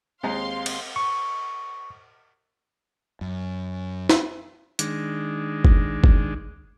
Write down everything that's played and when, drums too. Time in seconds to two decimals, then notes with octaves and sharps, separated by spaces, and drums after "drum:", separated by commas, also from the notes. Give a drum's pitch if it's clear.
0.24 D#2 G#3 C4 F5 A#5 C6
0.66 drum: cymbal
0.96 C#6
3.21 F#2
4.09 drum: snare
4.79 D#3 G#3 D4, drum: hi-hat
5.65 drum: kick
6.04 drum: kick